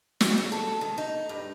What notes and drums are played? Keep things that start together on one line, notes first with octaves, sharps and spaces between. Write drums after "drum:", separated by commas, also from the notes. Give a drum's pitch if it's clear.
F#3, drum: snare
C#3
A4
D#3
D#4
G2